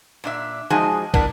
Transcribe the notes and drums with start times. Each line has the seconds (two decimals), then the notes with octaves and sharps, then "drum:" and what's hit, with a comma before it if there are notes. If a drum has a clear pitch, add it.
0.24 A#2 D4 E5
0.70 F3 G#3 D#4 F#4 G#4
1.14 B3 D4 E4 A#4, drum: kick